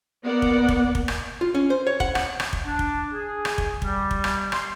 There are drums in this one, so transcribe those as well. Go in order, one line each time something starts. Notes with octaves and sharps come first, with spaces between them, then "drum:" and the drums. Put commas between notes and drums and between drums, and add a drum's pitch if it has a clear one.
A#3 B3 D5 F#5
drum: kick
drum: kick
drum: kick
drum: rim click
F4
C#4
C5
C#5
F#5, drum: kick
F#5, drum: rim click
drum: rim click
drum: kick
D4
drum: kick
G#4
drum: rim click
drum: kick
G3, drum: kick
drum: kick
drum: rim click
C6, drum: rim click